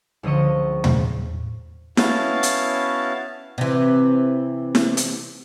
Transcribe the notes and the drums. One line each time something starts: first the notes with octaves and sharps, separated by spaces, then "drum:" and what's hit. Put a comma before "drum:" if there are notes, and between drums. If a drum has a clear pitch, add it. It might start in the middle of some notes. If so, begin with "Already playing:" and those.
C#2 D3 F3 D#5 C#6
drum: tom
B3 C#4 E4 F#4 F5 A5, drum: snare E4
drum: hi-hat
C3 E3
drum: snare E4
drum: hi-hat